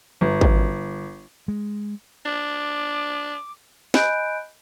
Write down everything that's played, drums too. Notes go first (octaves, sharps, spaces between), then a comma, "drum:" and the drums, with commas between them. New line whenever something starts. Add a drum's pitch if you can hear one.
G1
drum: kick G#1
G#3
D4 D6
D#5 G#5 B5 F#6 G6 D7, drum: snare